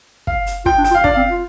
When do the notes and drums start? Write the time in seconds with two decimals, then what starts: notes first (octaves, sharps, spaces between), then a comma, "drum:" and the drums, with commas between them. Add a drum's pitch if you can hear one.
0.27 F5, drum: kick
0.46 drum: hi-hat
0.65 F4 G5, drum: kick
0.78 D4
0.84 G5, drum: hi-hat
0.91 F4
0.95 F5
1.04 D4 D5, drum: kick
1.14 C4 F5
1.29 F4